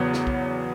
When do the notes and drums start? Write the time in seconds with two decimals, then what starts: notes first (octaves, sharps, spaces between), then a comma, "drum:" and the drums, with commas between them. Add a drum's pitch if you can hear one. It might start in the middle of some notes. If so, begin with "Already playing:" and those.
Already playing: E2 C#3 F#3 B3
0.14 drum: snare
0.27 drum: kick